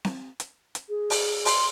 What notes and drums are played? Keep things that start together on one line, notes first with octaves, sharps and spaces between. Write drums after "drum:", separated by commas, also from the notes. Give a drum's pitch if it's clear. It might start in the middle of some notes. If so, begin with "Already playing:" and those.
drum: snare C4
drum: hi-hat
drum: hi-hat
G#4
drum: open hi-hat
C6, drum: open hi-hat